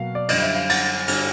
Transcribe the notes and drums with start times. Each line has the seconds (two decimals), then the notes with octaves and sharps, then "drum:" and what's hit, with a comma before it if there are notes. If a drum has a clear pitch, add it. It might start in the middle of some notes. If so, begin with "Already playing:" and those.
Already playing: B2 F#3 A#3 F5
0.15 D5
0.29 F#2 D3 G3 D#5, drum: cymbal
0.42 E5
0.55 F5
0.69 F#5, drum: cymbal
1.08 G2 D3 G3, drum: cymbal